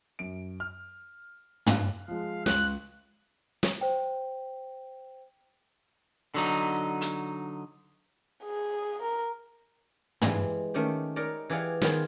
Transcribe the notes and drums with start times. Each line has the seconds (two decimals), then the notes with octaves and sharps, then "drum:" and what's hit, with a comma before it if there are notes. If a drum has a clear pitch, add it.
0.19 F#2 D7
0.60 F6
1.67 F5 F#6, drum: tom
2.08 F3 G#3 F5
2.46 C#2 F#6, drum: snare
3.63 drum: snare
3.81 C5 G5
6.34 D3 F#3 D#4
7.01 drum: hi-hat
8.44 G#4
9.02 A#4
10.22 E3 G3 G#3, drum: tom
10.74 D#3 A3 C#4 G4
11.16 D#4 A#4 C#5 D5
11.50 E3 G4 G#4 D5 F5 F#5
11.82 D#3 B3 F4 G#4 C5, drum: snare